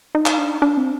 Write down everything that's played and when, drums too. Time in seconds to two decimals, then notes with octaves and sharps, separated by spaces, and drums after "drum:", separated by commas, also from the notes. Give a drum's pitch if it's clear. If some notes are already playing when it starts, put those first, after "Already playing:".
0.15 D#4
0.26 drum: clap
0.38 D4
0.62 D4
0.77 C4